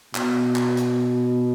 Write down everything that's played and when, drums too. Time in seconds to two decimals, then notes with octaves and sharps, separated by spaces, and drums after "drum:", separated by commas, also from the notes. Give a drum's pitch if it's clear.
0.15 B2, drum: clap
0.56 drum: clap
0.77 drum: hi-hat